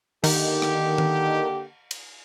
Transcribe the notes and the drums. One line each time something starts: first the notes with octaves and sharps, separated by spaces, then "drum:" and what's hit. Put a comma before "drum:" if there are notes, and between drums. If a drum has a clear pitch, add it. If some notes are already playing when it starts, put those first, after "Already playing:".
D3 D#3 A#3 G4, drum: cymbal
drum: rim click
drum: tom D#3
drum: cymbal